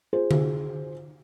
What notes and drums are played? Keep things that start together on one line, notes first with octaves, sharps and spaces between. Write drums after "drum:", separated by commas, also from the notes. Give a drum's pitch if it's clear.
F4 G#4 C5
drum: tom D3